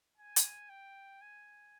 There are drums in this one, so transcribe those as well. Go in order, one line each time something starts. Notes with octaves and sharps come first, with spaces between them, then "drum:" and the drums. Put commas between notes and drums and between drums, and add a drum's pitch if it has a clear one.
G#5
drum: hi-hat
G5
G#5